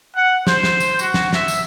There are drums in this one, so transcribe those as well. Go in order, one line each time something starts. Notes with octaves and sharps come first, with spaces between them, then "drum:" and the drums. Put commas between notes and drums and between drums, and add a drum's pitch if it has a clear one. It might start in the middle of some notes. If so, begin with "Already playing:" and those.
F#5
C5, drum: snare
drum: snare
drum: tambourine
F#4, drum: tambourine
drum: snare
E5, drum: snare
drum: tambourine